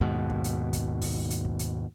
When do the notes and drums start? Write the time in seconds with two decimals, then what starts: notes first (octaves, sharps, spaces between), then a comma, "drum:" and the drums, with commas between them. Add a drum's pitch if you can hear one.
0.01 D#2 G#2 B2
0.30 drum: kick
0.44 drum: hi-hat
0.73 drum: kick, hi-hat
1.02 drum: kick, open hi-hat
1.30 drum: hi-hat
1.45 drum: kick
1.59 drum: hi-hat